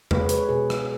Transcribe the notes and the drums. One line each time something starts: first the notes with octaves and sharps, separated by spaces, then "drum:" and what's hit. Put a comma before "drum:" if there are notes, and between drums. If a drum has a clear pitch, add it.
G#3 B4, drum: tom E2
C#5
B4, drum: hi-hat
C#5
B2 G#4 B4
drum: rim click